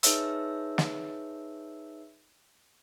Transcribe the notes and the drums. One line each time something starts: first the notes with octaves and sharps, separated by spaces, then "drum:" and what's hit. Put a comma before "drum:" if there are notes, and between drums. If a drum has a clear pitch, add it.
D#4 G#4 B4 C#5 E5 E6, drum: hi-hat
drum: snare